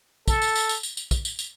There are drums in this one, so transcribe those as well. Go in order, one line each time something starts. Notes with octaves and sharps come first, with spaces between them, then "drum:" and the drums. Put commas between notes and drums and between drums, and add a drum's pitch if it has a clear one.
A4, drum: kick, tambourine
drum: tambourine
drum: tambourine
drum: tambourine
drum: tambourine
drum: tambourine
drum: kick, tambourine
drum: tambourine
drum: tambourine